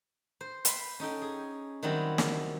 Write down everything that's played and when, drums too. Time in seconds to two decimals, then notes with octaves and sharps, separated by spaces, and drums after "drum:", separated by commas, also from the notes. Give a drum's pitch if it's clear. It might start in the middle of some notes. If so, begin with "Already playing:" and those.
0.41 C5
0.65 G5 B5 C6, drum: hi-hat
1.00 C#4 D#4 A4 G5
1.22 G#4
1.83 D#3 F#3 G3 C4 E4 G4
2.18 drum: snare